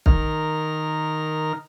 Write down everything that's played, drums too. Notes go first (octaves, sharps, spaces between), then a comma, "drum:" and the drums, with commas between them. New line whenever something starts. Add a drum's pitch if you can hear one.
D#3 A#4 F6, drum: kick